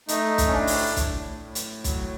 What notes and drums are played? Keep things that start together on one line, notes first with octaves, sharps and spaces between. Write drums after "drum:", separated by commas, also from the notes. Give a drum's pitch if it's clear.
A3 D#4, drum: hi-hat
drum: kick B1, hi-hat
C#4
A2 D4
drum: open hi-hat
A2, drum: kick B1, hi-hat
A2
drum: hi-hat
F#3, drum: kick B1, hi-hat